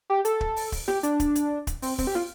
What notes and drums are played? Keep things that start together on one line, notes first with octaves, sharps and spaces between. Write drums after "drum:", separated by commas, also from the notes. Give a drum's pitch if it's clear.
G4
A4, drum: hi-hat
drum: kick
drum: open hi-hat
drum: kick, open hi-hat
G4, drum: snare
D4, drum: hi-hat
drum: kick, hi-hat
drum: hi-hat
drum: kick, hi-hat
C4, drum: open hi-hat
C4, drum: kick, open hi-hat
G4
F4, drum: snare